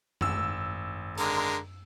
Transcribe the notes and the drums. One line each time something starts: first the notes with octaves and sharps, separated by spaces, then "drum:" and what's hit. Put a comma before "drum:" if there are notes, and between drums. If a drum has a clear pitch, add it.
G#1 E6, drum: tom F#2
D3 G#3 A#4, drum: hi-hat